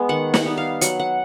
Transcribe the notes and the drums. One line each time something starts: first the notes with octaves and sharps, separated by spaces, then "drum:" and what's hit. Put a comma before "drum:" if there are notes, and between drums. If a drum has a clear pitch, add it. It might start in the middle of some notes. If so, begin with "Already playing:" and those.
Already playing: G#3 B3
D#3 F#5
F#5, drum: snare
G3 B3 D#4
F5
F#3 F#5, drum: hi-hat
F#5